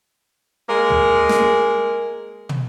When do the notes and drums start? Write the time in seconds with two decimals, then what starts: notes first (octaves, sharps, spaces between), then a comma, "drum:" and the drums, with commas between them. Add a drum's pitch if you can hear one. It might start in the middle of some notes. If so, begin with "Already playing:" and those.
0.69 G#3 A#3 A#4
0.89 drum: tom
1.29 drum: snare
2.49 drum: tom